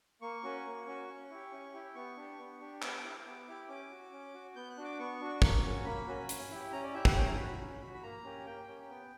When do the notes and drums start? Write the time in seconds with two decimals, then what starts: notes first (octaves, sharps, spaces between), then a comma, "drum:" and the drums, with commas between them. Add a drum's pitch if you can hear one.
0.22 A#3 C#6
0.43 C#4 F#4
0.65 A#3
0.87 C#4 F#4
1.08 C#4
1.30 E4 G4
1.52 C#4
1.74 E4 G4
1.95 B3 C#6
2.17 D4 G4
2.39 B3
2.60 D4 G4
2.82 B3 D6, drum: clap
3.04 E4 G4
3.25 B3
3.47 E4 G4
3.69 C#4 D6
3.91 F#4
4.12 C#4
4.34 F#4
4.56 B3 G6
4.70 F#6
4.77 D4 F#4
4.84 D6
4.99 B3 C#6
5.21 D4 F#4
5.42 A#3, drum: kick
5.64 C#4 F#4
5.85 A#3 B5
6.07 C#4 F#4
6.29 C#4, drum: hi-hat
6.51 E4 G4
6.72 C#4 A#5
6.83 D5
6.94 E4 G4 E5
7.05 F#5, drum: kick
7.16 C#4 G5
7.26 A#5
7.38 F#4 B5
7.48 B5
7.59 C#4
7.81 F#4
7.94 B5
8.03 A#3 A#5
8.24 C#4 G4
8.46 A#3 G5
8.68 C#4 G4
8.89 B3